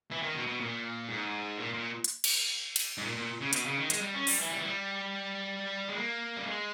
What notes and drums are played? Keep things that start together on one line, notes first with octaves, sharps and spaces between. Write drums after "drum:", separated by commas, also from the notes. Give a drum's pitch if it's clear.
E3
D#3
B2
B2
A#2
G#2
A#2
A#2
drum: hi-hat
drum: cymbal
drum: cymbal
G#2
A#2
A#2
C#3
B2, drum: hi-hat
C#3
D#3
G#3, drum: hi-hat
G3
C#4
G3, drum: open hi-hat
E3
G3
E3
G3
G#3
A#3
G3
G#3